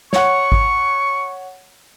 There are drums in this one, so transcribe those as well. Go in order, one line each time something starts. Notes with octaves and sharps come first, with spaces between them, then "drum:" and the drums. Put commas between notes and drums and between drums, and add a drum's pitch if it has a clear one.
C#5 F#5 C#6, drum: snare
drum: kick G#1